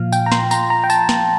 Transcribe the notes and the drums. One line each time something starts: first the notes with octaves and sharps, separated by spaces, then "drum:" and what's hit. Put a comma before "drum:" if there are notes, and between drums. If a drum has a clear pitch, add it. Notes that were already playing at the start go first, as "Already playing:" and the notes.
Already playing: A#2 F3 F5
G5, drum: tambourine
A#5
C6, drum: snare
A#5, drum: tambourine
A#5
G5
A5, drum: tambourine
drum: snare